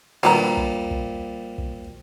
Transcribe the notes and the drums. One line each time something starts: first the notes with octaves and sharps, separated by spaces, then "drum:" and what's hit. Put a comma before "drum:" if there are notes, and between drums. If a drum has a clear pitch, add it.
A#2 D3 F3 G3 B3 A#5
drum: kick
drum: kick
drum: kick